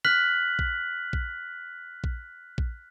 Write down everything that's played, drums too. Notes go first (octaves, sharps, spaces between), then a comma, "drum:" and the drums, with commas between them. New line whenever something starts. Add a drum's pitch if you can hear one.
F6 F#6 B6 F#7
drum: kick A#1
drum: kick A#1
drum: kick A#1
drum: kick A#1